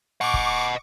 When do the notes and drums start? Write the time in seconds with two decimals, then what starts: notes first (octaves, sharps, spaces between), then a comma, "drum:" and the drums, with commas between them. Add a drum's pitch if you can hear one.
0.21 D#5 F#5 C#6 D6
0.34 drum: kick